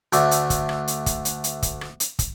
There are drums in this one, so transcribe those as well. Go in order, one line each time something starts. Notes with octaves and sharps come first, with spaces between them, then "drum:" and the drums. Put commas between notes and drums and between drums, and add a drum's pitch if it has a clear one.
D2 D3 A3, drum: hi-hat
drum: hi-hat
drum: kick, hi-hat
drum: rim click
drum: hi-hat
drum: kick, hi-hat
drum: hi-hat
drum: hi-hat
drum: kick, hi-hat
drum: rim click
drum: hi-hat
drum: kick, hi-hat